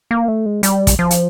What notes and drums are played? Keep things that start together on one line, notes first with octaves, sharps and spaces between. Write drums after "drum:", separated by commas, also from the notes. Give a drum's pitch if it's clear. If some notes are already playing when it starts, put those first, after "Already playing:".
A#3
A3
G#3
G3, drum: hi-hat
drum: kick, hi-hat
F3
drum: hi-hat